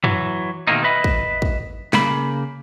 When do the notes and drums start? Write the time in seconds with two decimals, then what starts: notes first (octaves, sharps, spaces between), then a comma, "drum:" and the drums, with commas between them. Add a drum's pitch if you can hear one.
0.04 E3 F#3, drum: tom
0.67 B2 D#3 A3 A#3 C4 D#4
0.84 B4 D#5 E5 B5
1.04 drum: kick
1.42 drum: kick
1.93 C#3 A#3 B5, drum: snare